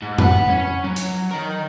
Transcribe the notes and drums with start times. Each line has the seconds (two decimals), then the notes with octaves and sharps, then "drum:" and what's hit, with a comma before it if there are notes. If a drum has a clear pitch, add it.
0.02 G#2
0.18 B4 F#5, drum: tom F2
0.49 C#4
0.84 F#3
0.96 drum: hi-hat
1.31 D#3 A#4